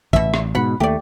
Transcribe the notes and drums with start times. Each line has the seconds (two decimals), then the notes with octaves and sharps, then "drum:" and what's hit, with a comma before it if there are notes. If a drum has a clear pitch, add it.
0.13 A1 B2 E5, drum: kick
0.34 drum: rim click
0.55 G#2 B2 F#5 B5
0.80 D#2 A3 G4 D5